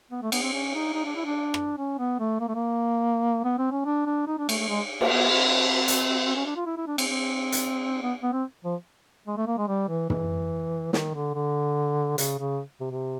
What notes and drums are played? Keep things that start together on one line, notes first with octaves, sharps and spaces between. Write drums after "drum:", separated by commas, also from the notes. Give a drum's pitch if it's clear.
B3
A3
B3, drum: cymbal
C4
C#4
D#4
D#4
D4
E4
D4
drum: rim click
C#4
B3
A3
A#3
A3
A#3
B3
C4
C#4
D4
D4
D#4
D4
A3, drum: cymbal
A3
G#3
A#3, drum: cymbal
B3
C4
drum: hi-hat
C#4
D4
F4
E4
E4
D4
C4, drum: cymbal
C4
drum: hi-hat
B3
B3
C4
F3
G#3
A3
A#3
G#3
G3
E3
E3, drum: tom
D#3, drum: snare
D3
D3
C#3, drum: hi-hat
C#3
C3
C3